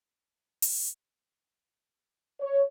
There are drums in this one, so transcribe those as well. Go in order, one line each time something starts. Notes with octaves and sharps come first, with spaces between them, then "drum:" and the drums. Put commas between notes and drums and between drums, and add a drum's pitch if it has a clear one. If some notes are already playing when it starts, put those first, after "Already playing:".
drum: open hi-hat
C#5